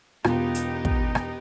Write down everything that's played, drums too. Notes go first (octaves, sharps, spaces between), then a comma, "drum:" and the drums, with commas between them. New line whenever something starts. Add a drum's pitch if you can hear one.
E1 B3 D#4 F4 G4, drum: rim click
drum: hi-hat
drum: kick
drum: rim click